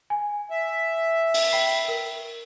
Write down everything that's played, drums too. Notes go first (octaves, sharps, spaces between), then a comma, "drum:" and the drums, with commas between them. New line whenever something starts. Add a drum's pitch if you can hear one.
G#5
E5
drum: open hi-hat
G5 B5 C7
A#4